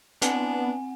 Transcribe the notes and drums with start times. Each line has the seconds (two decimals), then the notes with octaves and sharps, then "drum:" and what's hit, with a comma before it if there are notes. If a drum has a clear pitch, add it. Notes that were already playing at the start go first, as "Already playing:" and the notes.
0.22 B3 C4 D4 F#5 G#5, drum: hi-hat